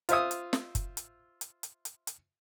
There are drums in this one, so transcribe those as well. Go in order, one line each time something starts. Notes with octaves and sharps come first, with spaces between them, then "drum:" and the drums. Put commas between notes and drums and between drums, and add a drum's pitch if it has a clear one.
F4 C5 E5 D#6, drum: hi-hat
drum: hi-hat
drum: snare
drum: kick F#1, hi-hat
drum: hi-hat
drum: hi-hat
drum: hi-hat
drum: hi-hat
drum: hi-hat